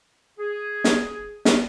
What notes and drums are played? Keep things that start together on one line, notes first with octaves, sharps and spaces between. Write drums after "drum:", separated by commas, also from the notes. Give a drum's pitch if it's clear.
G#4
drum: snare
drum: snare